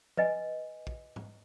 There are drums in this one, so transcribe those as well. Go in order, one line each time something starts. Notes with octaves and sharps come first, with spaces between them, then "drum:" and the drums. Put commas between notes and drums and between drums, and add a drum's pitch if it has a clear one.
B4 D#5 G#5, drum: tom
drum: kick
drum: tom G#2